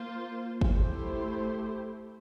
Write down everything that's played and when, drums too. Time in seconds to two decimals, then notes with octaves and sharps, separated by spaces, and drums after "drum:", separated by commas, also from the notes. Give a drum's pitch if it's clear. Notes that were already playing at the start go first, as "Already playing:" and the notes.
Already playing: A#3 F4 C5
0.61 drum: kick G1
0.74 A3 E4 G4 C5